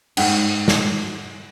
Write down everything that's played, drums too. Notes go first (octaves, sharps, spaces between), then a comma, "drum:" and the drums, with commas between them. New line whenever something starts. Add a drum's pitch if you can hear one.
G#2 D#4 E5 F#5 G5, drum: cymbal
drum: snare